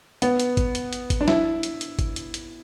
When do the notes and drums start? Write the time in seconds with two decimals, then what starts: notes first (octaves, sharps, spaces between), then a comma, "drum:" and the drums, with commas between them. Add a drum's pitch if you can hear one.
0.22 B3, drum: hi-hat
0.40 drum: hi-hat
0.57 drum: kick G#1, hi-hat
0.75 drum: hi-hat
0.93 drum: hi-hat
1.10 drum: kick G#1, hi-hat
1.21 D4
1.28 E4, drum: snare
1.63 drum: hi-hat
1.81 drum: hi-hat
1.99 drum: kick G#1, hi-hat
2.16 drum: hi-hat
2.34 drum: hi-hat